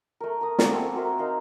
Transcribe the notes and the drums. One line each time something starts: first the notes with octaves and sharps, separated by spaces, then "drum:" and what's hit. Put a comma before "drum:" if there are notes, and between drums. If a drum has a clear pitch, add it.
A3 A#4
A#4 D#6
D5 F5 F#5 C#6, drum: snare
A3 C4 A4 G#5
F#4 A#4 C5 E5
D#4 A#4 F5 A#5